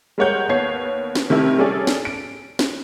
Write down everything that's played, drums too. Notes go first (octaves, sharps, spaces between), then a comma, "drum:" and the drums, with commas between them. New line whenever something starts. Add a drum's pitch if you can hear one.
G3 G#3 A#4 C#5 F#5 G6
D#2 B3 C#5 G#6 C7
drum: snare
C3 D#3 A3 E4
G3 C#4 G#4 A4 D5
drum: snare
D7
drum: snare